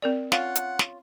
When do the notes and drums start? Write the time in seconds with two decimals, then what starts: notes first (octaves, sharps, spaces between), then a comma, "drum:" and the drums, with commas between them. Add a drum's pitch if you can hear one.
0.02 C4 A#4 D5
0.32 C#4 F4 F#5, drum: snare
0.55 drum: hi-hat
0.79 drum: snare